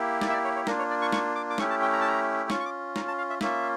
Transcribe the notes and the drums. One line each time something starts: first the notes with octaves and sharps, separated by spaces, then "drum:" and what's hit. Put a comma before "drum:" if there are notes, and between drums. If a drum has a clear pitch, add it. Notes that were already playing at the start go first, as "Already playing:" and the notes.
Already playing: A#3 E4 G4
D5, drum: snare
E5
D5
C#5
C#5
A#3 D4 F4 A#4, drum: snare
C#5
D5
C#6
C#6, drum: snare
D6
D6
A3 C#4 E4 G4 C#6, drum: snare
A5
G5
A#5
A5
A#5
C#4 F4 C#6, drum: snare
C#6
D6
A#5, drum: snare
A5
F5
E5
A#3 C#4 F4 E5, drum: snare